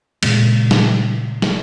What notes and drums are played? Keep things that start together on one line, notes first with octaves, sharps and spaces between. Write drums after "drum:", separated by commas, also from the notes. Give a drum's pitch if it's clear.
A#2 C#3 G#3, drum: cymbal
drum: snare
drum: snare